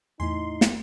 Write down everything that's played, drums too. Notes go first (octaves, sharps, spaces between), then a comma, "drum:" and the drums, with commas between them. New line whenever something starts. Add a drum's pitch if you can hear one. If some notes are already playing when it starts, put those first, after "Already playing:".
E2 A2 A3 D#4 E4 G#5 C6 B6
drum: snare